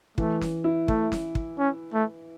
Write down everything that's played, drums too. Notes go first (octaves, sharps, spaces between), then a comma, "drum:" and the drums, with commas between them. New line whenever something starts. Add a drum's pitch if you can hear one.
E3 A3, drum: kick
drum: snare
E4
A3, drum: kick
drum: snare
drum: kick
C#4
A3